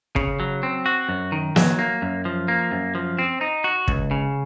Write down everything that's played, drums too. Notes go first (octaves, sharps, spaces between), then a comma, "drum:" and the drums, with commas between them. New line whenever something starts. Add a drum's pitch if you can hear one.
C#3, drum: kick
F#3
C4
F#4
F#2
D#3
F#3, drum: snare
A#3
F#2
F3
A#3
F#2
F3
C4
D#4
F#4
C#2, drum: kick
C#3